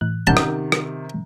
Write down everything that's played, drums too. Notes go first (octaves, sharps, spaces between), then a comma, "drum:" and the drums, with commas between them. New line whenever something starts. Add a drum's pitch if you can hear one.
A2 E3 F#6
C3 D#3 C#4 F#5 A5 G6
drum: rim click
drum: rim click